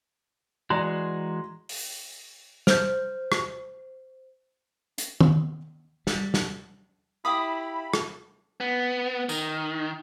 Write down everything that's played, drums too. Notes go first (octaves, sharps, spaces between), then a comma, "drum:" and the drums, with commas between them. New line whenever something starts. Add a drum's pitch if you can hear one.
E3 G#3 F#4 D5 A#5 C6
drum: open hi-hat
C5 G6, drum: snare
drum: rim click
drum: hi-hat
drum: tom
G3, drum: snare
drum: snare
E4 G4 F5 B5 D#6
drum: rim click
B3
D#3, drum: tambourine